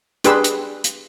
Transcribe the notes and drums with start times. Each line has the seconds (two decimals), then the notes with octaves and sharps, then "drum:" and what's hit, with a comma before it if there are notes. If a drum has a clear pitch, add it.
0.24 D4 G4 G#4 B4 C6 E6, drum: hi-hat
0.44 drum: hi-hat
0.84 drum: hi-hat